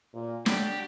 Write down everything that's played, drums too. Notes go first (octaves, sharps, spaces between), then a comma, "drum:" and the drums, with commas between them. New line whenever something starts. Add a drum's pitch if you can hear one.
A#2
D3 F#3 D4 G4 D5, drum: snare